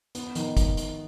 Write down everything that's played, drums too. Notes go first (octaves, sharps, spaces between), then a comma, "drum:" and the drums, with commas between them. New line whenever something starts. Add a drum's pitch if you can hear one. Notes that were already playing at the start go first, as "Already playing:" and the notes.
B3, drum: hi-hat
D#3, drum: hi-hat
drum: kick, hi-hat
drum: hi-hat